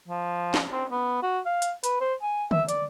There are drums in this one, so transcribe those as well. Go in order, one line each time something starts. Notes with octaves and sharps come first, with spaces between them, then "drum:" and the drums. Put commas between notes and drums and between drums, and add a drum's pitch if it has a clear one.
F3
drum: snare
C4
B3
F#4
F5
drum: hi-hat
B4, drum: hi-hat
C5
G#5
E5, drum: tom D3
D5, drum: hi-hat